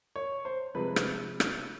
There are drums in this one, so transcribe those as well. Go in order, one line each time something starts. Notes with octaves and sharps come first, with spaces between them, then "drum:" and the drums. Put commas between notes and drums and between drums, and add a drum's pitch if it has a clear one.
C#5
C5
C3 F3 G#3 B4
drum: rim click
drum: rim click